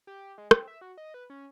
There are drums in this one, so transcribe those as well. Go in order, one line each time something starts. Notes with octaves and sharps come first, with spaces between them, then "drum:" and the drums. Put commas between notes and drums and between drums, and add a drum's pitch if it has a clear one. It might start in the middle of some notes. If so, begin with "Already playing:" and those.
G4
G#3
C4, drum: rim click
E5
F#4
D#5
B4
C#4